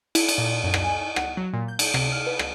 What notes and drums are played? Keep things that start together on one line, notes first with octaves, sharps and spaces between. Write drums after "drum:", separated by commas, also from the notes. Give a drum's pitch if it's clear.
E4, drum: cymbal
drum: cymbal
A#2
F#2
drum: rim click
G#5
F#5, drum: rim click
F#3
A#2
G6
drum: cymbal
C3, drum: rim click
F6
B4
drum: rim click